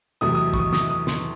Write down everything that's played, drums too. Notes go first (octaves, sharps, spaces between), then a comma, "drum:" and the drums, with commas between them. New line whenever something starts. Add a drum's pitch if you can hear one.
E2 C3 F#3 A3 D#6
D#6
C#6, drum: kick
D#6
D#6, drum: snare
D#6
C6, drum: snare